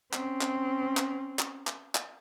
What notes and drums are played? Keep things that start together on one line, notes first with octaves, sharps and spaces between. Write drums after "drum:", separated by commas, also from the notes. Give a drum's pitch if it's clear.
C4 C#4, drum: clap
drum: clap
drum: clap
drum: clap
drum: clap
drum: clap